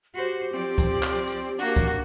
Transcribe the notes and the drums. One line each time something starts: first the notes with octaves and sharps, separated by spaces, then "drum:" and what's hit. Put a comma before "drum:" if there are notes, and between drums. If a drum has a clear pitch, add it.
F#4 G4 C5
F3 C4 D5
drum: kick C#2, hi-hat
drum: clap
drum: hi-hat
A#3 D4 F#4
drum: kick C#2, hi-hat